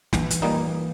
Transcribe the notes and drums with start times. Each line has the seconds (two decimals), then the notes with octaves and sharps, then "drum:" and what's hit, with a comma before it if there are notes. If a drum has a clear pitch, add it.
0.13 A#1 E3, drum: snare
0.30 drum: hi-hat
0.42 A#2 G3 A#3 D#4